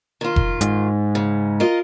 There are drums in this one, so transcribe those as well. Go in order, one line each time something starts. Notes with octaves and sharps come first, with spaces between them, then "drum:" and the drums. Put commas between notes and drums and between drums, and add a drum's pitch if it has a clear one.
D#3 F4
drum: kick F1
G#2, drum: hi-hat
C#3
F4 A#4 D#5